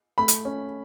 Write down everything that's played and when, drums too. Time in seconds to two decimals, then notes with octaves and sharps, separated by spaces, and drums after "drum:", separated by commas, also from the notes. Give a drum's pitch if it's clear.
0.18 A3 B5
0.28 drum: hi-hat
0.45 C#4